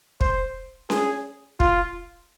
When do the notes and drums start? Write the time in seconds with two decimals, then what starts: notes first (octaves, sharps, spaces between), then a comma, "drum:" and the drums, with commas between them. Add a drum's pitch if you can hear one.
0.21 C5, drum: kick
0.90 G#4, drum: snare C#4
1.60 F4, drum: kick